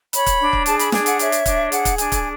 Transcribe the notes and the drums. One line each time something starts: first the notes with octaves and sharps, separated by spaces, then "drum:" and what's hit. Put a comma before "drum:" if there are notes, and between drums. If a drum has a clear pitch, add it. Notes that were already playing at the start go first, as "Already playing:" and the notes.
C#5 B5, drum: hi-hat
drum: kick, hi-hat
D4
drum: kick
G#4 A5, drum: hi-hat
B5, drum: hi-hat
D4 G#5, drum: snare
F#5, drum: hi-hat
C#5 E5, drum: hi-hat
drum: hi-hat
D4, drum: kick, hi-hat
G#4 F#5, drum: hi-hat
drum: kick, hi-hat
D4 G#5, drum: hi-hat
drum: kick, hi-hat